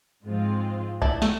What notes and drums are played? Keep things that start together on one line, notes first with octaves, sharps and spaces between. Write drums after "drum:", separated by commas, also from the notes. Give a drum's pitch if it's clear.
G#2 F3 G#3 C4 F4
D4 E4, drum: kick B1
A3, drum: snare